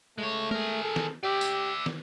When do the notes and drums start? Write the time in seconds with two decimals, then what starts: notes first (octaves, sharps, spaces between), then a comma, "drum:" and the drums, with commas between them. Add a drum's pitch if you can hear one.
0.18 G#3 A3 C#5
0.51 G#4 A#4, drum: tom G#3
0.84 A4
0.96 drum: snare
1.23 G4 D5 E5
1.41 drum: tambourine
1.86 drum: snare